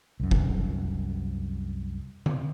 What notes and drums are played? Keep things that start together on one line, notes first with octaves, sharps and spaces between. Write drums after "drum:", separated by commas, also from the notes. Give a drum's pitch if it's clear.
C2 F#2
drum: kick F1
drum: tom D3